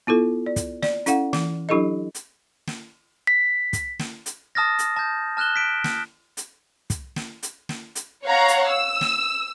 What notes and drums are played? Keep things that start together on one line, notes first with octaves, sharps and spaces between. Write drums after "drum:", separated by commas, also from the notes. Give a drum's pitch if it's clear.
B3 E4 F4 A4
D5
drum: kick, hi-hat
D5, drum: snare
C#4 E4 A4 F5 F#5, drum: hi-hat
E3, drum: snare
F#3 D4 E4 G4 A4 D#5
drum: hi-hat
drum: snare
B6
drum: kick, hi-hat
drum: snare
drum: hi-hat
A5 D#6 F6 A6 A#6
drum: hi-hat
A5 G6
A5 F6 F#6 E7 G7
B6 D7
drum: snare
drum: hi-hat
drum: kick, hi-hat
drum: snare
drum: hi-hat
drum: snare
drum: hi-hat
C#5 F5 F#5 A#5
drum: hi-hat
E6
drum: snare